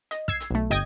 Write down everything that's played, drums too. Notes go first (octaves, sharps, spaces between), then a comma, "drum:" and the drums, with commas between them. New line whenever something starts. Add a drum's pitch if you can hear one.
D#5, drum: hi-hat
E6 G#6 C7, drum: kick
drum: hi-hat
B1 A3
G1 D#5 G5 D#6 G#6